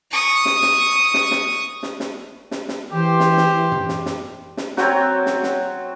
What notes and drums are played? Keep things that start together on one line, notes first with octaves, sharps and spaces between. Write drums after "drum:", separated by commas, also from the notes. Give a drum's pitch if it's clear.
C#6 D#6
drum: snare
drum: snare
drum: snare
drum: snare
drum: snare
drum: snare
drum: snare
drum: snare
E3 G4 C5
drum: snare
drum: snare
drum: tom
drum: snare
drum: snare
drum: snare
F#3 C4 C#5, drum: snare
drum: snare
drum: snare